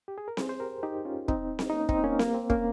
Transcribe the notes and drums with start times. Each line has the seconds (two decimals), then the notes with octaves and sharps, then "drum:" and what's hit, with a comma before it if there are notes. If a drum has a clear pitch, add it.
0.08 G4
0.18 G#4
0.28 A#4
0.37 G#4 C5, drum: snare C4
0.49 C5
0.60 G4 A#4
0.83 D#4 G4
1.05 C#4 F4
1.28 C4 D#4, drum: kick
1.59 drum: snare C4
1.70 D#4
1.73 A#3 C#4
1.89 C4 D#4, drum: kick
2.04 A#3 C#4
2.19 A#3, drum: snare C4
2.34 C4
2.50 A#3 C#4, drum: kick